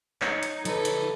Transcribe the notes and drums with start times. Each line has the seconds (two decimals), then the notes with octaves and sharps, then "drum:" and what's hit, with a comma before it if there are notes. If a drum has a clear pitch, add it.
0.22 D#4 C#5, drum: clap
0.43 drum: hi-hat
0.65 F3 A4 B4, drum: hi-hat
0.85 drum: hi-hat